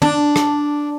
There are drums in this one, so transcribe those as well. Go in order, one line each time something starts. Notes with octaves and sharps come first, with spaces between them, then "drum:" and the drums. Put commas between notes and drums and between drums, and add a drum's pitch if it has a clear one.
D4, drum: tom
drum: rim click